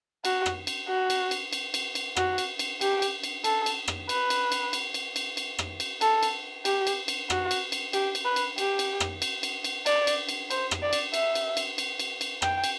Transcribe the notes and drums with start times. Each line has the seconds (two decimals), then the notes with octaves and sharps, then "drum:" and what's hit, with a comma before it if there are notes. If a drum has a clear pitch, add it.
0.25 F#4, drum: cymbal
0.46 drum: rim click
0.67 drum: cymbal
0.88 F#4
1.10 drum: cymbal
1.31 drum: cymbal
1.53 drum: cymbal
1.74 drum: cymbal
1.95 drum: cymbal
2.16 F#4, drum: rim click
2.38 drum: cymbal
2.59 drum: cymbal
2.81 G4, drum: cymbal
3.02 drum: cymbal
3.23 drum: cymbal
3.44 A4, drum: cymbal
3.66 drum: cymbal
3.88 drum: rim click
4.09 B4, drum: cymbal
4.30 drum: cymbal
4.52 drum: cymbal
4.73 drum: cymbal
4.94 drum: cymbal
5.16 drum: cymbal
5.37 drum: cymbal
5.59 drum: rim click
5.80 drum: cymbal
6.01 A4, drum: cymbal
6.23 drum: cymbal
6.65 G4, drum: cymbal
6.87 drum: cymbal
7.08 drum: cymbal
7.30 F#4, drum: rim click
7.51 drum: cymbal
7.72 drum: cymbal
7.93 G4, drum: cymbal
8.15 drum: cymbal
8.25 B4
8.36 drum: cymbal
8.58 G4, drum: cymbal
8.79 drum: cymbal
9.00 drum: rim click
9.22 drum: cymbal
9.43 drum: cymbal
9.64 drum: cymbal
9.86 D5, drum: cymbal
10.07 drum: cymbal
10.29 drum: cymbal
10.51 C5, drum: cymbal
10.71 drum: rim click
10.82 D5
10.93 drum: cymbal
11.14 E5, drum: cymbal
11.35 drum: cymbal
11.57 drum: cymbal
11.78 drum: cymbal
11.99 drum: cymbal
12.21 drum: cymbal
12.42 G5, drum: rim click
12.64 drum: cymbal